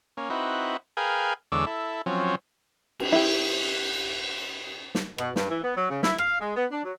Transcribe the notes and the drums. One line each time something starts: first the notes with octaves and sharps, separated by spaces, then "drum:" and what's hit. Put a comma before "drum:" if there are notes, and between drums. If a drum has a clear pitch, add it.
A#3 C#4
C4 D#4 E4 F#4 B4
G#4 A#4 B4 F5 G5 G#5
E2 D3 G#3 C#5 D6 E6
E4 A4
F3 F#3 C4 C#4
drum: cymbal
E4 G4
drum: snare
B2, drum: rim click
G2, drum: snare
E3
B3
F#3
C#3
E4, drum: snare
F5, drum: rim click
G#3
B3
D4
F#3